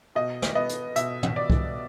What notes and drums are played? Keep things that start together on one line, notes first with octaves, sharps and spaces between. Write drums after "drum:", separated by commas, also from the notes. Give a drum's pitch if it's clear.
B2 D#5
drum: snare
B3 D#5
drum: hi-hat
B2 E5, drum: hi-hat
drum: tom
B2 D5
drum: kick C2